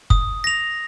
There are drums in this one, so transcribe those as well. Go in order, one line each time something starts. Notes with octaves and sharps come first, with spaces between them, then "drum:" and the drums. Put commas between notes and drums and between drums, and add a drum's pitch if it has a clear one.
D#6, drum: kick
A#6 F7